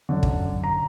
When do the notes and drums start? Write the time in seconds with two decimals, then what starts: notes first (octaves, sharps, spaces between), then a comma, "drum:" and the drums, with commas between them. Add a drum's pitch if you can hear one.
0.09 F#2 D3
0.23 drum: kick
0.64 A#5